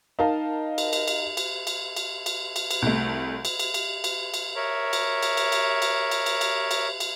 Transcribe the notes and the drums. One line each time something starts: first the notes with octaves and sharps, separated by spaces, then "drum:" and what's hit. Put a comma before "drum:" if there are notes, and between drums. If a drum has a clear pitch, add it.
D#4 A#4 F5 A5
drum: cymbal
drum: cymbal
drum: cymbal
drum: cymbal
drum: cymbal
drum: cymbal
drum: cymbal
drum: cymbal
drum: cymbal
C2 A3
drum: cymbal
drum: cymbal
drum: cymbal
drum: cymbal
drum: cymbal
A#4 C#5 E5
drum: cymbal
drum: cymbal
drum: cymbal
drum: cymbal
drum: cymbal
drum: cymbal
drum: cymbal
drum: cymbal
drum: cymbal
drum: cymbal